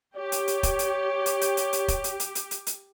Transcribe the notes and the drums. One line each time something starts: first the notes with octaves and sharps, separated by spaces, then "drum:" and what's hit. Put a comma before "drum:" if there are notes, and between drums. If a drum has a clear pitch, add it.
G4 C#5
drum: hi-hat
drum: hi-hat
drum: kick, hi-hat
drum: hi-hat
drum: hi-hat
drum: hi-hat
drum: hi-hat
drum: hi-hat
drum: kick, hi-hat
drum: hi-hat
drum: hi-hat
drum: hi-hat
drum: hi-hat
drum: hi-hat